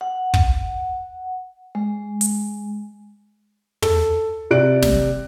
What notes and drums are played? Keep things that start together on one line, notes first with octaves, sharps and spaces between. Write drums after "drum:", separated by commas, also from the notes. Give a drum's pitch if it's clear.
F#5
drum: kick
G#3
drum: hi-hat
A4, drum: tom
C3 D5 F#6 D7
drum: snare